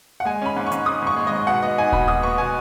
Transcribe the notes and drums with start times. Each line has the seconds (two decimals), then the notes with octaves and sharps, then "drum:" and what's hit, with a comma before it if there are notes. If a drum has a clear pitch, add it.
0.20 F#5
0.25 G#3 G#5
0.42 C#4 B5
0.57 G#2
0.67 C#6
0.72 G#2, drum: hi-hat
0.86 G#2 D#6
1.02 G#2 C#6
1.16 G#3
1.27 G#2 D#5
1.47 B2 F#5
1.63 B3 D#5
1.78 D#4 G#5
1.92 B2 B5, drum: kick D#1
2.08 B2 D#6
2.23 B3 C#6
2.38 B2 G#5